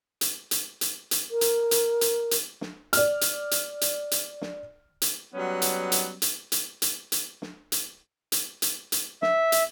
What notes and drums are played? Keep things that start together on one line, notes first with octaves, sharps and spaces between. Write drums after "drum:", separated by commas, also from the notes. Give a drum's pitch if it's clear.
drum: hi-hat
drum: hi-hat
drum: hi-hat
drum: hi-hat
A#4
drum: hi-hat
drum: hi-hat
drum: hi-hat
drum: hi-hat
drum: snare
D5 F6, drum: hi-hat
drum: hi-hat
drum: hi-hat
drum: hi-hat
drum: hi-hat
drum: snare
drum: hi-hat
F#3 G3 B3 C#4
drum: hi-hat
drum: hi-hat
drum: hi-hat
drum: hi-hat
drum: hi-hat
drum: hi-hat
drum: snare
drum: hi-hat
drum: hi-hat
drum: hi-hat
drum: hi-hat
E5, drum: snare
drum: hi-hat